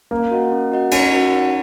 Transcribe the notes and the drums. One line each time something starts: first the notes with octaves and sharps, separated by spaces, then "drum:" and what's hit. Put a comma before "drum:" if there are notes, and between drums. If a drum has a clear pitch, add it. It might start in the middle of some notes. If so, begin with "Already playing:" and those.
A#3 C#4
F#4 D#5 F#5
C#4
F#4 D#5 F#5
C#4 D#4, drum: cymbal
F#4 A#4 F#5
D#4